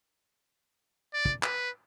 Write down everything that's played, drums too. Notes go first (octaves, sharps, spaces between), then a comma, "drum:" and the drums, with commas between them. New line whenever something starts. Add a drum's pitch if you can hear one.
D5
drum: kick
B4, drum: clap